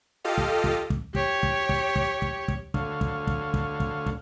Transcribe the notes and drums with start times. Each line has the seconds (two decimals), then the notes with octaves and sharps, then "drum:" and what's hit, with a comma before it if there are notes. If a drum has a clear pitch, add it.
0.24 F4 G4 A4 D#5 F5
0.38 drum: kick
0.64 drum: kick
0.90 drum: kick
1.15 G4 C#5, drum: kick
1.43 drum: kick
1.69 drum: kick
1.96 drum: kick
2.22 drum: kick
2.48 drum: kick
2.74 D2 D3 C#5 F5, drum: kick
3.01 drum: kick
3.27 drum: kick
3.54 drum: kick
3.80 drum: kick
4.06 drum: kick